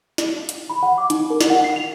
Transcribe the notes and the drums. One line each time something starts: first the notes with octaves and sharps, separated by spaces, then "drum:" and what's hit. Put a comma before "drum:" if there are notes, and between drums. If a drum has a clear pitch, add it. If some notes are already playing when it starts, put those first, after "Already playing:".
drum: snare
drum: hi-hat
B5
F#5
D6
D#4, drum: hi-hat
A#4
drum: snare
F#5
C7
F7